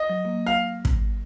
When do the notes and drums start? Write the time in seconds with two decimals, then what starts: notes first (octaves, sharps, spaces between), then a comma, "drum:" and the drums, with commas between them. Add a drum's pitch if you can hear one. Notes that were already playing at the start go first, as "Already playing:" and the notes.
Already playing: D#5
0.09 F#3
0.25 A#3
0.47 F5
0.85 drum: kick